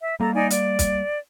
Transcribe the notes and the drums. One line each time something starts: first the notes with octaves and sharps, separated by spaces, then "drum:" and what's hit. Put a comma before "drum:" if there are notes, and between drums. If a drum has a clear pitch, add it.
E5
G3 A#3 A4 A#5
D#4 D5 G#5
D5, drum: hi-hat
drum: kick, hi-hat